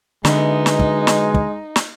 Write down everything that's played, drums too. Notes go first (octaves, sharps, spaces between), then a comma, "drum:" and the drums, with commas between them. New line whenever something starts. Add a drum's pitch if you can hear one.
F#2 D3 G#3 B3 D#4, drum: snare
drum: snare
drum: kick
drum: snare
drum: kick
drum: snare